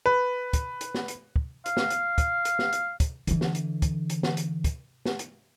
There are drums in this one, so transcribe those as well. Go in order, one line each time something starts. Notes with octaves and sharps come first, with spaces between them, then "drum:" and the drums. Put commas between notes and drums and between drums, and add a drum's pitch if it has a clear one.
B4
drum: kick, hi-hat
drum: hi-hat
drum: snare
drum: hi-hat
drum: kick
F5, drum: hi-hat
drum: snare
drum: hi-hat
drum: kick, hi-hat
drum: hi-hat
drum: snare
drum: hi-hat
drum: kick, hi-hat
D3 E3, drum: hi-hat
drum: snare
drum: hi-hat
drum: kick, hi-hat
drum: hi-hat
drum: snare
drum: hi-hat
drum: kick, hi-hat
drum: snare
drum: hi-hat